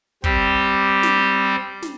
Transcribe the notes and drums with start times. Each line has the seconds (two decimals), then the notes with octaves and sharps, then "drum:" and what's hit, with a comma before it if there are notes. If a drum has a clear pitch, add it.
0.24 G3 C4 G4, drum: kick
1.03 drum: snare
1.82 drum: snare